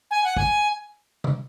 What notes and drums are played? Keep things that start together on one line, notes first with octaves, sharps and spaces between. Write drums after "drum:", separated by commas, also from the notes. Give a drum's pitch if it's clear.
G#5
F#5
G#5, drum: kick
drum: tom